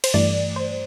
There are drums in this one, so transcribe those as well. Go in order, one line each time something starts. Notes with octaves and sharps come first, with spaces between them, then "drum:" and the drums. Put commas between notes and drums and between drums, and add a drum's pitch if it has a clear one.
C5, drum: cymbal
G2 E3 A3 D5
C5